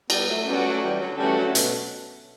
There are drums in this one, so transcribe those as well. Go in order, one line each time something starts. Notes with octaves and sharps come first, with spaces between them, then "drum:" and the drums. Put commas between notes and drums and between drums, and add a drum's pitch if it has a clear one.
G3 B3, drum: cymbal
F#3 A3
G3 B3 C#4 F#4 A4 D5
F#3 A3
E3 G3
D3 F#3
E3 G3 A3 C#4 F#4 A4
D3 F#3
B2, drum: hi-hat